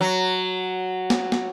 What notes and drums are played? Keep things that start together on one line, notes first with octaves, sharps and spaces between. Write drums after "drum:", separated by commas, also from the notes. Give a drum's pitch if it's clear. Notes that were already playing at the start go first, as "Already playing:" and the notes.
F#3
drum: snare
drum: snare